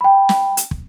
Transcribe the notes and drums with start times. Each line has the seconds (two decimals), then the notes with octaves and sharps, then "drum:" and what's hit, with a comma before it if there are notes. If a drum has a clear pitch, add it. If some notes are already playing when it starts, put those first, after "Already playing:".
0.01 G5 B5
0.29 drum: snare
0.57 drum: hi-hat
0.71 drum: kick